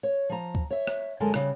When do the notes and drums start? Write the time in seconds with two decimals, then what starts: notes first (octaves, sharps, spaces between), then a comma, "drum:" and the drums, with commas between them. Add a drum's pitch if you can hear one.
0.03 C#5
0.29 F3 A#5
0.55 drum: kick D2
0.71 C#5 E5
0.87 drum: rim click
1.20 F#2 D3 G#3 A4 A#4 G#5
1.34 C#3 G3, drum: rim click